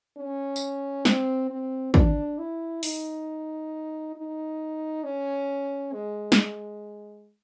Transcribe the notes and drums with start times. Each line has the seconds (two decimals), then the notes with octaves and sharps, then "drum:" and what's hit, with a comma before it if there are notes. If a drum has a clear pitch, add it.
0.17 C#4
0.56 drum: tambourine
1.05 C4, drum: snare
1.50 C4
1.94 D4, drum: kick
2.39 E4
2.83 D#4, drum: open hi-hat
4.16 D#4
5.04 C#4
5.93 G#3
6.32 drum: snare